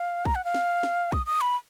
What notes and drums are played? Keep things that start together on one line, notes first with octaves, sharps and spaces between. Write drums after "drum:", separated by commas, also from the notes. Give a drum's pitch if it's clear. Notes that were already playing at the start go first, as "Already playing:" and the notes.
Already playing: F5
A#5, drum: kick
F#5
F5
drum: snare
drum: snare
D#6, drum: kick
D#6
B5